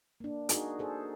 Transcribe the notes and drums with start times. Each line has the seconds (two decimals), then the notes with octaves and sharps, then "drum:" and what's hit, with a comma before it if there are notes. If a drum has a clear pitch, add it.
0.20 A#3 D4
0.49 D#4 F#4 G#4 A#4, drum: hi-hat
0.79 G#4 A4 C5